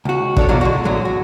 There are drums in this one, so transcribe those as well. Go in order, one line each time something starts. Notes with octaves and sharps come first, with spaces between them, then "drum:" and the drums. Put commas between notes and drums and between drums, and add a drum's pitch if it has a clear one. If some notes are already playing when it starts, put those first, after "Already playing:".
C#2 F#4
D4 A4 C#5, drum: kick
B2 D3 F#3 D4 F4 F#4
D3 G#3 F#4
A2 D3 F#3 G#3
F#4